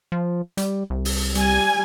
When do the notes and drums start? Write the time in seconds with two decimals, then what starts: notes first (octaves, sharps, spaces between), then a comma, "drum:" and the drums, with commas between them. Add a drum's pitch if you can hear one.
0.12 F3
0.57 G3, drum: hi-hat
0.90 C2
1.05 drum: open hi-hat
1.35 G3 G#5, drum: hi-hat